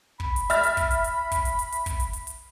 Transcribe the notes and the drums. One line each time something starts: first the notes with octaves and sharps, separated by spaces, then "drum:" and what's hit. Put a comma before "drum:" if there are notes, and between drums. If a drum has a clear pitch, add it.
B5, drum: kick
drum: hi-hat
E5 F6 A6, drum: hi-hat
drum: hi-hat
drum: kick, hi-hat
drum: hi-hat
drum: hi-hat
drum: kick, hi-hat
drum: hi-hat
drum: hi-hat
drum: hi-hat
drum: kick, hi-hat
drum: hi-hat
drum: hi-hat
drum: hi-hat